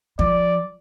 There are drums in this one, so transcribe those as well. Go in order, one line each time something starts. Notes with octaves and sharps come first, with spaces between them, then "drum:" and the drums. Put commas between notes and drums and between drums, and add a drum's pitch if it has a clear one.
F3 D5, drum: kick